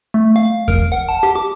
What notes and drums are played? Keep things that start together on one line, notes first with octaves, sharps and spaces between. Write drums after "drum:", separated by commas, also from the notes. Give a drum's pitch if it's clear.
A3
F5
A#4, drum: kick E2
F#5
A5
G4
D6